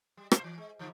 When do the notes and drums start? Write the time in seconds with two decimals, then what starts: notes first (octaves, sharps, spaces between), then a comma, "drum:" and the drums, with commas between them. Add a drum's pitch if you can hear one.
0.17 G3
0.32 A#2 C5, drum: rim click
0.44 E3
0.58 G#3
0.79 G#2 D3 F3